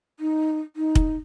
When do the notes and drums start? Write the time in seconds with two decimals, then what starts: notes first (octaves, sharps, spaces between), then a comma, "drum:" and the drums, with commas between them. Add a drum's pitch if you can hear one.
0.20 D#4
0.76 D#4
0.95 drum: kick